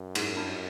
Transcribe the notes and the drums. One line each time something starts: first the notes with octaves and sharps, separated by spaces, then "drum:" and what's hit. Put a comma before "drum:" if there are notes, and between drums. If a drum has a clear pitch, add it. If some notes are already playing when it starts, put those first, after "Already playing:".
Already playing: F#2
G#2, drum: cymbal
G2